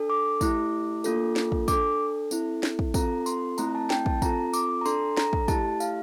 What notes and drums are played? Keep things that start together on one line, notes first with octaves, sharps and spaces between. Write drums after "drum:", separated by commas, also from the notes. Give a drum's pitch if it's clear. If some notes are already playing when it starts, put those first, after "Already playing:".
Already playing: D4 A4
D6
A3 E4 G4, drum: kick, tambourine
A#3 D4 F4 A4, drum: tambourine
drum: snare
drum: kick
D4 A4 D6, drum: kick, tambourine
C4 E4 A4, drum: tambourine
drum: snare
drum: kick
C4 F4 A4 A#5, drum: kick, tambourine
C6, drum: tambourine
A3 C4 E4 A#5, drum: tambourine
A5
G5, drum: snare
A5, drum: kick
C4 F4 A4 A#5, drum: kick, tambourine
D6, drum: tambourine
A#5
D4 A4 C6, drum: tambourine
A#5, drum: snare
drum: kick
A3 E4 G4 A5, drum: kick, tambourine
F5, drum: tambourine